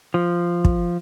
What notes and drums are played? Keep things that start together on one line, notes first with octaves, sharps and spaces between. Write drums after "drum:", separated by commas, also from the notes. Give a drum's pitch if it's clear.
F3
drum: kick